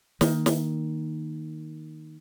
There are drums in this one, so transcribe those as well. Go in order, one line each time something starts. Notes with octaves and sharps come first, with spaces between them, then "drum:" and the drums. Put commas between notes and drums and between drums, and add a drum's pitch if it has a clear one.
D#3 A#3, drum: snare
drum: snare